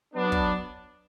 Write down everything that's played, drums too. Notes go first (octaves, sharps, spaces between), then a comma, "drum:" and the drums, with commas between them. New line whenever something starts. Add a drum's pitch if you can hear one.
F#3 B3 D4
drum: kick